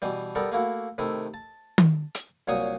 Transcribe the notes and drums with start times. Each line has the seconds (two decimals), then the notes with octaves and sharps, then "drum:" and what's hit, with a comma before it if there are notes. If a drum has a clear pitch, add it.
0.02 B2 E3 G3
0.35 G3 B3 A4 A#4
0.52 A3 A#3 E4 F#4
0.98 C3 D#3 A3 E4
1.34 A5
1.78 drum: tom D#3
2.15 drum: hi-hat
2.48 C2 A#2 F#3 C#5 G#5 D#6